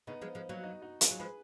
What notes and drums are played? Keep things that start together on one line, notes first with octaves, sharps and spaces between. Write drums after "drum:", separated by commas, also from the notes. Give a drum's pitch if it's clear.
C#3 B3 D#4
F3 G#3
F3 G#3
F#3 A#3
D#4 F#4
D#4 F#4
F4 G#4, drum: hi-hat
F#3
F3 G#3 G#4 B4